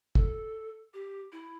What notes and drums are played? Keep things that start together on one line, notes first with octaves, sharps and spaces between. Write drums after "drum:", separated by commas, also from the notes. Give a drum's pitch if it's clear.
A4, drum: kick
G4
E4